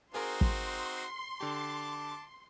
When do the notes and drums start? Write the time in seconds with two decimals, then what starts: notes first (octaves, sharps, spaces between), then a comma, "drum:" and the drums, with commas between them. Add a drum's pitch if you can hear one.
0.14 C4 D#4 F#4 G#4 A#4 C6
0.41 drum: kick
1.41 D3 G4 A5 D6